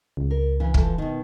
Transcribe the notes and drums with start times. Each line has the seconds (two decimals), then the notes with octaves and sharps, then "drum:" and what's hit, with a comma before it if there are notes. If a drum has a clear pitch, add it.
0.17 C#2
0.31 A#4
0.60 C#3 E3
0.74 E3 F3 A4, drum: kick
0.98 B2 D#3